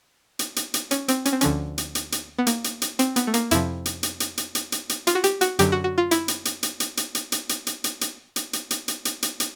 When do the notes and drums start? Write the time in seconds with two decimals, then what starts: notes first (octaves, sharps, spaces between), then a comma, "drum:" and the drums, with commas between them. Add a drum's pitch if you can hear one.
0.39 drum: hi-hat
0.56 drum: hi-hat
0.74 drum: hi-hat
0.91 C#4, drum: hi-hat
1.08 C4, drum: hi-hat
1.25 C#4, drum: hi-hat
1.32 C4
1.41 D2 D3 F3 C#4, drum: hi-hat
1.78 drum: hi-hat
1.95 drum: hi-hat
2.12 drum: hi-hat
2.39 B3
2.47 A#3, drum: hi-hat
2.64 drum: hi-hat
2.82 drum: hi-hat
2.99 C4, drum: hi-hat
3.16 B3, drum: hi-hat
3.27 A3
3.34 A#3, drum: hi-hat
3.51 F2 C3 F3 E4, drum: hi-hat
3.86 drum: hi-hat
4.03 drum: hi-hat
4.20 drum: hi-hat
4.37 drum: hi-hat
4.55 drum: hi-hat
4.72 drum: hi-hat
4.89 drum: hi-hat
5.07 F4, drum: hi-hat
5.15 F#4
5.24 G4, drum: hi-hat
5.41 F#4, drum: hi-hat
5.59 F#2 D3 F#3 G4, drum: hi-hat
5.72 F#4
5.84 F#4
5.98 F4
6.11 E4, drum: hi-hat
6.28 drum: hi-hat
6.45 drum: hi-hat
6.63 drum: hi-hat
6.80 drum: hi-hat
6.97 drum: hi-hat
7.15 drum: hi-hat
7.32 drum: hi-hat
7.49 drum: hi-hat
7.67 drum: hi-hat
7.84 drum: hi-hat
8.01 drum: hi-hat
8.36 drum: hi-hat
8.53 drum: hi-hat
8.71 drum: hi-hat
8.88 drum: hi-hat
9.05 drum: hi-hat
9.22 drum: hi-hat
9.40 drum: hi-hat